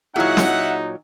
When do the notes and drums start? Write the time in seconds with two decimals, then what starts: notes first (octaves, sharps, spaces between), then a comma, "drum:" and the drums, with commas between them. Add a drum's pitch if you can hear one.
0.16 A#2 F#3 D#4 E4 G#4 E5 F#5
0.37 drum: snare